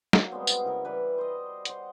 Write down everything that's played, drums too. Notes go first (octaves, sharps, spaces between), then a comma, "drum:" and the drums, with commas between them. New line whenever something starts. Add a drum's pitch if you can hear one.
F#3 A#3, drum: snare
G3 G#3 B3 C4
drum: tambourine
C#3 E4 A#4
E3 G3 B4
C5 D#5
C5 F#5, drum: hi-hat